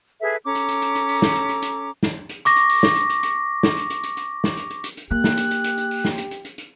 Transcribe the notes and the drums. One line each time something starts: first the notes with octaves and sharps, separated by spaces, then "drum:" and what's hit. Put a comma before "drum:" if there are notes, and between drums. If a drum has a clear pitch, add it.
G#4 A4 B4 E5
C#4 A4 A#5 D6
drum: hi-hat
drum: hi-hat
drum: hi-hat
drum: hi-hat
drum: open hi-hat
drum: snare
drum: hi-hat
drum: hi-hat
drum: hi-hat
drum: snare
drum: hi-hat
C#6 D6 A#6, drum: hi-hat
drum: hi-hat
drum: open hi-hat
drum: snare
drum: hi-hat
drum: hi-hat
drum: hi-hat
drum: snare
drum: hi-hat
drum: hi-hat
drum: hi-hat
drum: hi-hat
drum: snare
drum: hi-hat
drum: hi-hat
drum: hi-hat
drum: hi-hat
A#3 G4 F#6
drum: snare
drum: hi-hat
drum: hi-hat
drum: hi-hat
drum: hi-hat
drum: open hi-hat
drum: snare
drum: hi-hat
drum: hi-hat
drum: hi-hat
drum: hi-hat